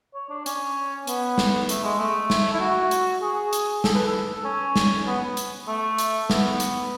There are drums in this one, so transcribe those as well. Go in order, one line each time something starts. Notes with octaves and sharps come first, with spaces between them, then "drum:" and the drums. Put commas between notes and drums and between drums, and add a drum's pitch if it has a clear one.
C#5
D4
C#4, drum: hi-hat
B3, drum: hi-hat
drum: snare
A3, drum: hi-hat
G#3
A3
drum: snare
E4
F#4
drum: hi-hat
G#4
drum: hi-hat
A4, drum: snare
B4
A4
C#4
drum: snare
B3
drum: hi-hat
A3
drum: hi-hat
B3, drum: snare
drum: hi-hat